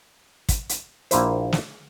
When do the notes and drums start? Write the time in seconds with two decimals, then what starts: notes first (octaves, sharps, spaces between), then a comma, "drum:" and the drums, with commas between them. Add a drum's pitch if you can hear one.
0.49 drum: kick, hi-hat
0.69 drum: hi-hat
1.11 A#1 A#3 E4 C5, drum: hi-hat
1.52 drum: snare